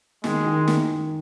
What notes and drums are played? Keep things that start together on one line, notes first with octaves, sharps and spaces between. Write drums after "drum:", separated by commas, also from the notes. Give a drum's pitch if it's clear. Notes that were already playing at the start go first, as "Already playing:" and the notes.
D#3 G#3, drum: snare
D#3
D#3, drum: snare